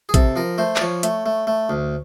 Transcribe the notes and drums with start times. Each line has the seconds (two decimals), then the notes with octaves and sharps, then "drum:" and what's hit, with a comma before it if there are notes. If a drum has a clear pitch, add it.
0.09 G#4
0.14 C3 A4, drum: kick, hi-hat
0.36 F3 A#4
0.58 A3 C5
0.76 D5, drum: clap
0.81 F3 C#5
1.03 A3, drum: hi-hat
1.26 A3
1.47 A3
1.70 D2